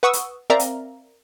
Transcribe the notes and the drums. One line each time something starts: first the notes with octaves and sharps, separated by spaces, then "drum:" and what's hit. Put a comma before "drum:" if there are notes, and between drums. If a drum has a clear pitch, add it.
B4 F#5 C#6 D#6 E6
drum: hi-hat
C4 A#4 D5 E5 F5 A#5
drum: hi-hat